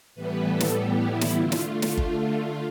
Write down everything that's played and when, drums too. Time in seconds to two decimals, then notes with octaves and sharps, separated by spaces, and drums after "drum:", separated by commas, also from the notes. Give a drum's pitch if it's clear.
0.15 A2 E3 G3 B3 B4
0.45 A4
0.60 drum: snare
0.75 G4
1.06 E4
1.21 drum: snare
1.36 D3 A3 F4
1.52 drum: snare
1.82 drum: snare
1.97 drum: kick G1